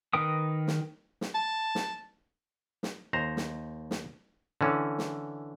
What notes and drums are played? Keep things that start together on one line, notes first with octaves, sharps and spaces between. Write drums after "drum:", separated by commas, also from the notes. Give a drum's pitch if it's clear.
D#3 A#4 B4 G5 D#6
drum: snare
drum: snare
A5
drum: snare
drum: snare
D#2 C5 A#5
drum: snare
drum: snare
D3 E3 C#4
drum: snare